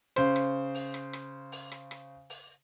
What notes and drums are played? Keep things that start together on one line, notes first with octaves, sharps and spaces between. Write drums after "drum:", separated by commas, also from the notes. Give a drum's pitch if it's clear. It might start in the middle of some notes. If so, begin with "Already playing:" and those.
C#3 C5, drum: rim click
drum: rim click
drum: open hi-hat
drum: rim click
drum: rim click
drum: open hi-hat
drum: rim click
drum: rim click
drum: open hi-hat